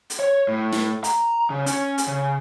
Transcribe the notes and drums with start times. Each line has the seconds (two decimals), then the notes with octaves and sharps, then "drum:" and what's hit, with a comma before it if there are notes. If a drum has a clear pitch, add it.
0.10 drum: hi-hat
0.20 C#5
0.48 A2
0.72 drum: snare
1.04 A#5, drum: hi-hat
1.50 C#3
1.66 C#4, drum: hi-hat
1.98 drum: hi-hat
2.08 C#3